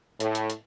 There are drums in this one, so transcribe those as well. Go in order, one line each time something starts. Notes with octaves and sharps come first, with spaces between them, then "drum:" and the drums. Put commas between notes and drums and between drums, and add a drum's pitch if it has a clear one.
A2, drum: hi-hat
drum: hi-hat
drum: hi-hat